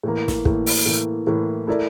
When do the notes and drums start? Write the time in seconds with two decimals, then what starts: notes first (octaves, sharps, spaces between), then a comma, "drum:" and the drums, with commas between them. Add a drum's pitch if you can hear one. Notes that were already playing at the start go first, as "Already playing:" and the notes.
0.03 A2 E3 A#3
0.28 drum: snare
0.45 A2 E3 A#3, drum: kick
0.66 drum: open hi-hat
0.86 A2 E3 A#3
1.27 A2 E3 A#3
1.67 A3 E4 A#4 D5